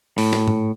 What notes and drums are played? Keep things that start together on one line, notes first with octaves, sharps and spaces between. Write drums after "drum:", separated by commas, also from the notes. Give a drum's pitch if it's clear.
A2, drum: open hi-hat
drum: snare
drum: tom G#2